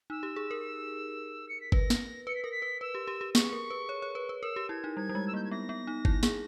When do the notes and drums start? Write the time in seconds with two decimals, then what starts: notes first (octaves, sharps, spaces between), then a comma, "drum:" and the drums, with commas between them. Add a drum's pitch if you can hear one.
0.10 D#4 E6
0.23 G4
0.36 G#4
0.51 A#4
1.48 C#7
1.60 B6
1.72 B4 A#6, drum: kick G1
1.90 drum: snare
2.27 B4 C#7
2.35 B6
2.44 A#4 A#6
2.51 B6
2.62 B4
2.81 B4 E6
2.95 G4
3.07 G4
3.21 G4
3.35 G#4 C#6, drum: snare
3.52 A#4
3.70 B4
3.89 C#5
4.02 C#5
4.15 B4
4.29 B4
4.42 A#4 E6
4.56 G4
4.69 E4 G#6
4.84 D#4
4.96 G3 G#6
5.09 G3
5.15 G#3
5.27 E6
5.34 A#3 G6
5.44 G#6
5.51 B3 A#6
5.69 B3
5.87 D#4
6.05 E4, drum: kick G1
6.23 G#4, drum: snare